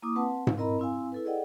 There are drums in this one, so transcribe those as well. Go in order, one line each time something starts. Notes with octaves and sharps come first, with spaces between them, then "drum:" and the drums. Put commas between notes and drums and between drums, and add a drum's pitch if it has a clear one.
A#3 E4 D6 D#6
C4 B4 F#5 A5
drum: tom G#2
C4 E4 A#4 D#5 A#5 B5
C4 E4 F5 G#5
E4 A4 B4
G#4 A4 D5 D#5 F#5 G5